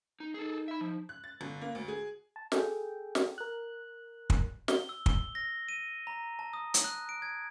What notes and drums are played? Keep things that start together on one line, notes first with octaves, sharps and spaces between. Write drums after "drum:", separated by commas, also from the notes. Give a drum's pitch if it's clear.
D#4
D#4 G#4 A4
E5 B5
F3
F#6
A6
G1
A#3
D2
G#4
A5
G#4 A4 G5, drum: snare
drum: snare
A#4 F#6
drum: kick
G7, drum: snare
E6
G7, drum: kick
A#6
D#7
A#5
A5
D#6
drum: hi-hat
F#6
D7
G#6